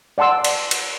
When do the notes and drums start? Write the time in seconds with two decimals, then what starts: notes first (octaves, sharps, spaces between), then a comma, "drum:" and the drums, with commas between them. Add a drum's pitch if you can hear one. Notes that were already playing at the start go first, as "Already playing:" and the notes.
0.18 D5 F#5 A5 C6 E6
0.44 drum: cymbal
0.71 drum: cymbal